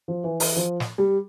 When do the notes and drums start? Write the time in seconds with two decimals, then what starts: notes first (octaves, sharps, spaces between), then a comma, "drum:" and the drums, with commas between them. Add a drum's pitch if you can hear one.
0.08 F3
0.24 E3
0.40 E3, drum: open hi-hat
0.56 F3
0.80 drum: snare
0.98 G3